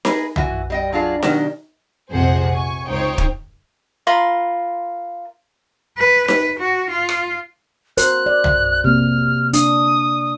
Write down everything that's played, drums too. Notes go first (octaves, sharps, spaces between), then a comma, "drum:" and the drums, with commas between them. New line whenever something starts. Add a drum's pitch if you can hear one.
G#4 A#4 B4, drum: snare D#4
E3 F#4 G#5, drum: tom
G3 D#5 G5
F#3 D4 F4 G#4
B2 D#3 F#3 D4 G4 F#5, drum: snare D#4
A#1 F2 C3 G#4 C5 F#5
G#5 C#6
C#2 D#4 C5 C#5 G5
drum: kick
F4 A#4 B5 C6
B4
B4, drum: snare D#4
F#4
F4
drum: rim click
F#4 A#4 C5 F#6, drum: hi-hat
D5
drum: tom
C3 A#3 F6
D4 D#6, drum: hi-hat